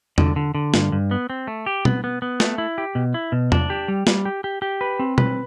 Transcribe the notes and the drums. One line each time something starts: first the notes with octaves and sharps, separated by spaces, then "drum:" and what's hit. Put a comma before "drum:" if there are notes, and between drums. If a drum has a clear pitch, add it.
D3, drum: tom E2
D3
D3
G2, drum: snare
G2
B3
C4
A3
G4
B3, drum: tom
B3
B3
A3, drum: snare
E4
G4
B2
E4
B2
D4, drum: tom E2
G4
G3
G3, drum: snare
G4
G4
G4
B4
C4
B4, drum: tom